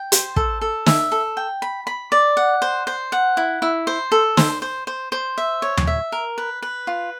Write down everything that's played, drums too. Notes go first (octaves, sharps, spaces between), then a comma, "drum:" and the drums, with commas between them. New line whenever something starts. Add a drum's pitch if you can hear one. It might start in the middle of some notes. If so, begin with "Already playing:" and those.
Already playing: G5
C5, drum: hi-hat
A4, drum: kick
A4
E5, drum: snare
A4
G5
B5
B5
D5
F#5
C5
C5
F#5
E4
E4
C5
A4
C5, drum: snare
C5
C5
C5
E5
C#5
drum: tom D#2
E5
A#4
B4
B4
F4